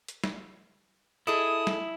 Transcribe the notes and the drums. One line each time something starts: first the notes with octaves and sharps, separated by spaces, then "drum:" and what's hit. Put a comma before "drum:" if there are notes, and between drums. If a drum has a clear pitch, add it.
drum: hi-hat
drum: snare
E4 G#4 A4 D#5 D#6
drum: snare